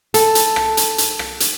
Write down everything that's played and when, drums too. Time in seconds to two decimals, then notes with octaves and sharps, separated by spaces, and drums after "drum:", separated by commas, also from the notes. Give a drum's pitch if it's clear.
0.14 A4, drum: hi-hat
0.35 drum: hi-hat
0.56 drum: rim click
0.77 drum: hi-hat
0.98 drum: hi-hat
1.19 drum: rim click
1.40 drum: hi-hat